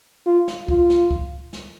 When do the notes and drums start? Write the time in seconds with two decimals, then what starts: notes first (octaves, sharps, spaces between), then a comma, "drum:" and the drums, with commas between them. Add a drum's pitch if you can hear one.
0.26 F4
0.48 drum: snare
0.68 F4, drum: kick C2
0.90 drum: snare
1.11 drum: kick C2
1.53 drum: snare